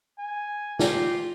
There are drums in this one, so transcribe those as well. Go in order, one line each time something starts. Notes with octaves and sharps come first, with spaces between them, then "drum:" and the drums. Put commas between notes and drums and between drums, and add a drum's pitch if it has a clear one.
G#5
F4 G4, drum: snare